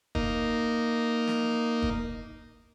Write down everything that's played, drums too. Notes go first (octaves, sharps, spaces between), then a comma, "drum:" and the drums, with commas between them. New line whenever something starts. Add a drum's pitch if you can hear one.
A#3 D#4, drum: kick
drum: snare
drum: kick